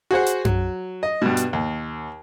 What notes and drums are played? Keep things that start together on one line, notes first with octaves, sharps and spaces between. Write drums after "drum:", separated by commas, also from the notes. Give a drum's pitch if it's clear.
F#4 G#4 C5 F#5
drum: hi-hat
F#3, drum: tom F#2
D#5
G2 B2
drum: hi-hat
D#2